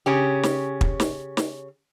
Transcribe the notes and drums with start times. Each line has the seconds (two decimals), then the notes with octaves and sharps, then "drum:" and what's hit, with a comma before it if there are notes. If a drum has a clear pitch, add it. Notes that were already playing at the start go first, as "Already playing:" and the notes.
0.06 C#3 C#4 G4
0.43 drum: snare
0.81 drum: kick
1.00 drum: snare
1.37 drum: snare